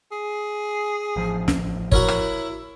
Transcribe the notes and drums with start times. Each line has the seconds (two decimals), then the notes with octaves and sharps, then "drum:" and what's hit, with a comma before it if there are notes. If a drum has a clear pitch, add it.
0.12 G#4
1.16 A1 F3
1.48 drum: snare
1.92 E4 F#4 A#4 C#5, drum: kick G1
2.08 drum: rim click